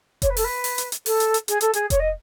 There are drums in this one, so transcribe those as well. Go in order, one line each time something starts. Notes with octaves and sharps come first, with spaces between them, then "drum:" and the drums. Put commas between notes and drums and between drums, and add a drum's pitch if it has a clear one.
C#5, drum: kick F1, hi-hat
B4
A4, drum: open hi-hat
B4
drum: open hi-hat
drum: hi-hat
drum: hi-hat
A4, drum: open hi-hat
drum: hi-hat
drum: hi-hat
G#4, drum: hi-hat
A4, drum: hi-hat
G#4, drum: hi-hat
C#5, drum: kick F1, hi-hat
D#5